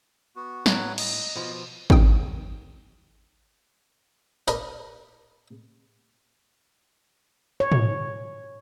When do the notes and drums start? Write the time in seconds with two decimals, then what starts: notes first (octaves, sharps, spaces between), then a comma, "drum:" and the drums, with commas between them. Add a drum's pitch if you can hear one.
0.36 B3 F#4
0.66 A2 F#3 B4 C#5, drum: snare
0.98 D#5, drum: cymbal
1.36 B2 F3
1.90 F2 C4 D#4 G5 D#6, drum: kick
4.48 D4 A#4 B4 D#5 A5, drum: hi-hat
7.60 C#5
7.72 drum: tom